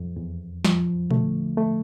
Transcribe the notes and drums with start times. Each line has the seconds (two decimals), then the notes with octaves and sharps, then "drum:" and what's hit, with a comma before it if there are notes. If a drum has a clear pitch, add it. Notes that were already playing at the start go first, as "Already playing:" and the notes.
Already playing: F2
0.16 E2
0.65 F3, drum: snare
1.11 D3 A3, drum: tom A#2
1.58 A3